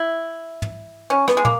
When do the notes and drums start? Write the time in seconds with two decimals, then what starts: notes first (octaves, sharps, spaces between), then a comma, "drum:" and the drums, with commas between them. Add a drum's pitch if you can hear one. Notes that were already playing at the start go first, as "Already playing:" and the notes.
Already playing: E4
0.62 drum: tom
1.10 C#4
1.28 B3, drum: rim click
1.37 G#3
1.45 A#3, drum: tom